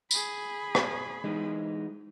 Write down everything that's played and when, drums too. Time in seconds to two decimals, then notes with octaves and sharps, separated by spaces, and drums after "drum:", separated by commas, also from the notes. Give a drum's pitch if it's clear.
0.11 G#4 B5, drum: tambourine
0.75 drum: rim click
1.24 E3 G#3 D#4